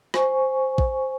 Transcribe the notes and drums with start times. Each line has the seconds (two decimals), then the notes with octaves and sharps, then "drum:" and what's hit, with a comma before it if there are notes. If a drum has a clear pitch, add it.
0.14 C5 G#5 C#6, drum: rim click
0.78 drum: kick